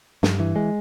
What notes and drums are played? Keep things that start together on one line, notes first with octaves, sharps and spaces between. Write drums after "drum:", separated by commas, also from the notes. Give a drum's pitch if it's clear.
G2, drum: snare
E3
G#3